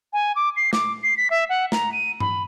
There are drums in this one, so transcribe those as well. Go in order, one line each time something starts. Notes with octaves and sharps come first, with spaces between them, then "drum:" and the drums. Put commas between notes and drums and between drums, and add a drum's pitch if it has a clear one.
G#5
D6
C7
D6, drum: snare
C7
B6
E5
F#5
A#5, drum: snare
D#7
B5, drum: tom G2